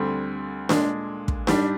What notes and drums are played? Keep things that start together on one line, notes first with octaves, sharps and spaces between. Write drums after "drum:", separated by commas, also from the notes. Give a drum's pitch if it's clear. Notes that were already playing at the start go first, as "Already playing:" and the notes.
Already playing: D2 D3 G3 C4
A#2 G#3 D4, drum: snare D4
drum: kick
G#2 G3 D4 G4, drum: snare D4